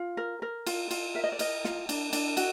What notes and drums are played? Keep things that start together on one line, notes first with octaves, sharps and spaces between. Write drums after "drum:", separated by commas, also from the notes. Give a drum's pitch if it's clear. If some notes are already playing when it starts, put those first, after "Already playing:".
Already playing: F4
A#4
A#4
F4, drum: cymbal
F4, drum: cymbal
A#4 E5
D#5
D5
A#4 D#5, drum: cymbal
F4, drum: snare
D4, drum: cymbal
D4, drum: cymbal
F#4, drum: cymbal